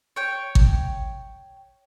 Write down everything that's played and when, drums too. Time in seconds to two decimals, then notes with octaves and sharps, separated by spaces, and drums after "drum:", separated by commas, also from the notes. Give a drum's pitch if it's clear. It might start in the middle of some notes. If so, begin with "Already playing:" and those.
0.16 C#5 G5
0.55 drum: kick G#1